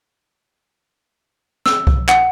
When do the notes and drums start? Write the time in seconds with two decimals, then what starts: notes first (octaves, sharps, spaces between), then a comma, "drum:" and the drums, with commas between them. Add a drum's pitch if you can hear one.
1.66 E6, drum: snare
1.87 drum: kick C2
2.08 F#5, drum: clap